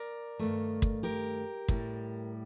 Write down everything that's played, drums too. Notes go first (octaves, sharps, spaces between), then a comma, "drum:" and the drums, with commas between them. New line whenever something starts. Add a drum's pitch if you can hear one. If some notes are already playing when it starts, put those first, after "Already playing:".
Already playing: A#4 D5
G2 D#3 A3
drum: kick
G4 A#4
A2 G3, drum: kick